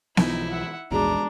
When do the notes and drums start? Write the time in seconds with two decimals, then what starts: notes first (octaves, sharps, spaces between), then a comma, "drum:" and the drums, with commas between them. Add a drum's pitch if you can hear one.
0.17 B1 E3 F3 D#4 E4, drum: snare B3
0.51 E5 F#5
0.91 A#1 E2 G#2 G#3 D4 F#4 G#4 A#5